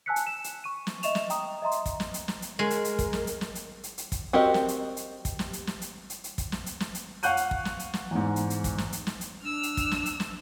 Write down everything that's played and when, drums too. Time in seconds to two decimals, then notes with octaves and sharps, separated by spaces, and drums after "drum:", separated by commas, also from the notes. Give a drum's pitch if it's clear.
0.06 G#5 A5 E6 F#6 B6 C#7
0.16 drum: hi-hat
0.27 E7
0.44 drum: hi-hat
0.64 C#6 D#7
0.87 drum: snare
1.03 D#5 E5 C#6 E7 F7, drum: hi-hat
1.15 drum: snare
1.30 G5 A#5 D#6, drum: hi-hat
1.62 D#5 E5 A#5 C6
1.71 drum: hi-hat
1.86 drum: kick, hi-hat
2.00 drum: snare
2.14 drum: hi-hat
2.28 drum: snare
2.42 drum: hi-hat
2.59 G#3 A#4
2.70 drum: hi-hat
2.85 drum: hi-hat
2.99 drum: kick, hi-hat
3.13 drum: snare
3.27 drum: hi-hat
3.41 drum: snare
3.55 drum: hi-hat
3.84 drum: hi-hat
3.98 drum: hi-hat
4.12 drum: kick, hi-hat
4.33 C4 F#4 G4 A#4 D#5
4.54 drum: snare
4.68 drum: hi-hat
4.97 drum: hi-hat
5.25 drum: kick, hi-hat
5.39 drum: snare
5.53 drum: hi-hat
5.67 drum: snare
5.81 drum: hi-hat
6.10 drum: hi-hat
6.24 drum: hi-hat
6.38 drum: kick, hi-hat
6.52 drum: snare
6.66 drum: hi-hat
6.80 drum: snare
6.95 drum: hi-hat
7.23 F5 F#5 C#6 F#6 G6 D#7, drum: hi-hat
7.37 drum: hi-hat
7.51 drum: kick
7.65 drum: snare
7.79 drum: hi-hat
7.94 drum: snare
8.11 E2 G#2
8.36 drum: hi-hat
8.50 drum: hi-hat
8.64 drum: kick, hi-hat
8.78 drum: snare
8.92 drum: hi-hat
9.07 drum: snare
9.21 drum: hi-hat
9.42 D4 E6 F6
9.63 drum: hi-hat
9.77 drum: kick, hi-hat
9.91 drum: snare
10.06 drum: hi-hat
10.20 drum: snare